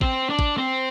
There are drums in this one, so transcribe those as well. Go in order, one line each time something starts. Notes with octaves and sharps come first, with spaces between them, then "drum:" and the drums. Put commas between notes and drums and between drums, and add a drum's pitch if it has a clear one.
C4, drum: kick
D4
drum: kick
C4